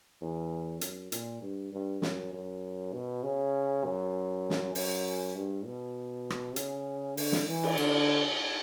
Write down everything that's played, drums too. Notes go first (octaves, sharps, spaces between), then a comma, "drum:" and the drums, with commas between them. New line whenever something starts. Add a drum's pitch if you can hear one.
E2
F#2, drum: hi-hat
A#2, drum: hi-hat
G2
G2
F#2, drum: snare
F#2
B2
C#3
F#2
drum: snare
F#2, drum: open hi-hat
G2
B2
drum: rim click
C#3, drum: hi-hat
D3, drum: open hi-hat
drum: snare
E3
drum: cymbal
D3, drum: cymbal